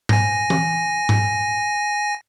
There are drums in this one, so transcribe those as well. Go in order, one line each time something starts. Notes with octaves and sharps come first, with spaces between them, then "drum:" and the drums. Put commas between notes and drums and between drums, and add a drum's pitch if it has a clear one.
G#5 A#6, drum: tom G#2
drum: tom E3
drum: tom G#2